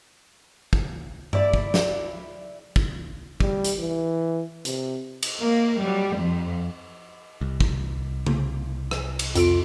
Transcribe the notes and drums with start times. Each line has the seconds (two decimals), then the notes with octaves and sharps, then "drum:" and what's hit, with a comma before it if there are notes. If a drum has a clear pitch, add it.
0.73 drum: kick
1.33 E4 D5, drum: tom G2
1.54 drum: kick
1.74 drum: snare
2.76 drum: kick
3.40 G3, drum: kick
3.64 drum: hi-hat
3.79 E3
4.65 C3, drum: hi-hat
5.23 drum: cymbal
5.40 A#3
5.81 G3
6.19 F2
7.41 C2
7.60 drum: kick
8.26 drum: tom C#3
8.91 drum: rim click
9.19 drum: cymbal
9.35 F2 F4 A4 D7, drum: hi-hat